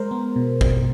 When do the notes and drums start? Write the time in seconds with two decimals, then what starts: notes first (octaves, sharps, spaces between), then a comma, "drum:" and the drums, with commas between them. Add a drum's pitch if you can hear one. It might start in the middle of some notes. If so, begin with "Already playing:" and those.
Already playing: G#3 A#4 C5
0.11 B3
0.36 B2
0.61 B2, drum: kick